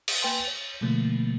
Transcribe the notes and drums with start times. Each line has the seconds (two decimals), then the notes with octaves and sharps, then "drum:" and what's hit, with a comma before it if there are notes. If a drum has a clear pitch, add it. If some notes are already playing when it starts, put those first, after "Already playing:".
0.08 drum: cymbal
0.22 A#3 B4 G5 G#5 C6
0.47 C#5
0.81 B2 D3 F3 A3 A#3